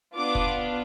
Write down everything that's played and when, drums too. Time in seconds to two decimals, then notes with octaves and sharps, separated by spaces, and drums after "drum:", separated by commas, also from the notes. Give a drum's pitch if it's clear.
0.16 B3 D4 F4 D6
0.35 drum: kick F1